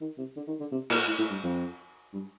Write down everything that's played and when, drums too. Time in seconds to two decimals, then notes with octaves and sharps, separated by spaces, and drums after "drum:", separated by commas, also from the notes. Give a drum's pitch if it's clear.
0.01 D#3
0.18 C3
0.36 D3
0.48 D#3
0.60 D3
0.71 C3
0.90 A#2, drum: cymbal
1.07 A2
1.18 A2
1.30 G2
1.43 F2
2.13 G2